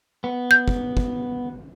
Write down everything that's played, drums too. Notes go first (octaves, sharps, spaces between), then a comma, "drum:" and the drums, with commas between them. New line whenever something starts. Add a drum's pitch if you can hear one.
B3
G6
drum: kick
drum: kick